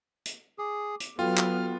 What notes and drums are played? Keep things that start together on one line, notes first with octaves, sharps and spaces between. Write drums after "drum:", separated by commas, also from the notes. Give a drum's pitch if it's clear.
drum: hi-hat
G#4 D6
drum: hi-hat
F#3 B3 F4 F#4 A4 G5 F6
drum: clap